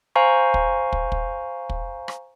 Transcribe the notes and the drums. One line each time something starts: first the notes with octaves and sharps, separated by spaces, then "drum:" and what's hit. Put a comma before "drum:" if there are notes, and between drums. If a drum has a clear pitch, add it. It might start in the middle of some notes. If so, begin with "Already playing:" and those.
C5 F5 G#5 A#5 C#6
drum: kick
drum: kick
drum: kick
drum: kick
drum: rim click